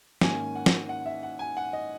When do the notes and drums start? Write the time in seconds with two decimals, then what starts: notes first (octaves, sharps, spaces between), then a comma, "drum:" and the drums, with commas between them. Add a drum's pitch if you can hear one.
0.21 G#2 D#3 A#3 C#4 G#5, drum: snare
0.55 F#5
0.66 drum: snare
0.89 F#5
1.06 E5
1.23 F#5
1.39 G#5
1.57 F#5
1.73 D#5